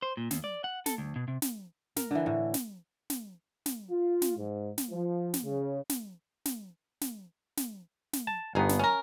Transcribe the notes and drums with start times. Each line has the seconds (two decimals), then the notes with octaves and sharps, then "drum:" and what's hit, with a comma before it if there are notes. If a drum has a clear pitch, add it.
0.02 C5
0.17 A#2
0.31 D#2, drum: snare
0.44 D5
0.64 F#5
0.86 A4, drum: snare
0.98 D2
1.16 B2
1.28 C3
1.42 drum: snare
1.96 A#4, drum: snare
2.11 D3 E3
2.26 A2
2.54 drum: snare
3.10 drum: snare
3.66 drum: snare
3.90 F4
4.22 drum: snare
4.37 G#2
4.78 drum: snare
4.90 F3
5.34 drum: snare
5.44 C#3
5.90 drum: snare
6.45 drum: snare
7.01 drum: snare
7.57 drum: snare
8.13 drum: snare
8.27 A5
8.55 G1 G2 B3 D#4 G#4
8.69 drum: snare
8.79 C#4 A#4